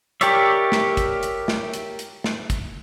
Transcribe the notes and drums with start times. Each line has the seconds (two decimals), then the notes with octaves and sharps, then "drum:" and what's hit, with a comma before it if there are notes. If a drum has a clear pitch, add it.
0.21 G4 A#4 C#5 D5 E5, drum: hi-hat
0.72 drum: snare
0.97 drum: kick, hi-hat
1.23 drum: hi-hat
1.48 drum: snare
1.74 drum: hi-hat
1.99 drum: hi-hat
2.24 drum: snare
2.50 drum: kick, hi-hat